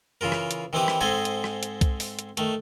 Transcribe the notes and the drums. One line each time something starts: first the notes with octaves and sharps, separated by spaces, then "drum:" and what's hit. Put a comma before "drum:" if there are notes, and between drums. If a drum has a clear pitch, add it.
C#3 E3 F4 A#4
drum: rim click
drum: hi-hat
D#3 E3 C4 E4 G4 B4
drum: rim click
G#2 C4 G#4 A4 D#5 G#5
drum: hi-hat
drum: rim click
drum: hi-hat
drum: kick C2, hi-hat
drum: open hi-hat
drum: hi-hat
D#3 A3, drum: hi-hat